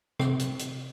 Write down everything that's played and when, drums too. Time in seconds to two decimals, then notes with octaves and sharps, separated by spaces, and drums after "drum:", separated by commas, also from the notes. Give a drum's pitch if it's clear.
0.19 C3 C4, drum: rim click
0.39 drum: hi-hat
0.59 drum: hi-hat